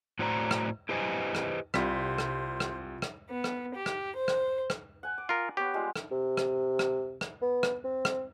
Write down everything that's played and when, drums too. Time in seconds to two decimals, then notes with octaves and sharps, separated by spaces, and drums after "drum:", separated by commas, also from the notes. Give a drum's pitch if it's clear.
0.19 A2 F#4 C5 D5 E5 A#5
0.51 drum: rim click
0.89 E4 G4 B4 C5 D#5 G#5
1.35 drum: rim click
1.74 C2 C3 G3 F4 C5 B6, drum: rim click
2.18 drum: rim click
2.60 drum: rim click
3.02 drum: rim click
3.31 B3
3.44 drum: rim click
3.75 G4
3.86 drum: rim click
4.18 C5
4.28 drum: rim click
4.70 drum: rim click
5.03 F#5 G#5
5.18 D6
5.29 F4 A#4
5.57 B3 G4 C#5
5.74 G3 G#3 F4
5.96 drum: rim click
6.11 C3
6.37 drum: rim click
6.79 drum: rim click
7.21 drum: rim click
7.42 B3
7.63 drum: rim click
7.84 C4
8.05 drum: rim click